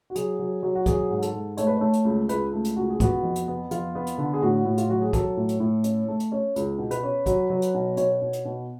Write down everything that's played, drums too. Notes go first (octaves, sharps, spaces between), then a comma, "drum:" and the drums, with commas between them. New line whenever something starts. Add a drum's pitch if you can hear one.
F#4
F#3 G#4, drum: hi-hat
F#3
F#3
F#4
F#3 G#4, drum: kick B1, hi-hat
G#2
A4, drum: hi-hat
G#2
A3 C#5, drum: hi-hat
B4
A3 C#5
drum: hi-hat
C#2
C#2 B4, drum: hi-hat
A3
drum: hi-hat
C#2 F#4
G#4
B3 F#4, drum: kick B1, hi-hat
F2
drum: hi-hat
B3
F2 F4, drum: hi-hat
B3
drum: hi-hat
D3
G#4
A2 F#4
A2
F4, drum: hi-hat
F#3 F#4
G#4
F#3 A4, drum: kick B1, hi-hat
A2
drum: hi-hat
A2
C#4, drum: hi-hat
A3
drum: hi-hat
C#4
C#2, drum: hi-hat
B2
B4, drum: hi-hat
C#4
F#3, drum: kick B1, hi-hat
F#3
drum: hi-hat
B2
B2 C#5, drum: hi-hat
B2
drum: hi-hat
B2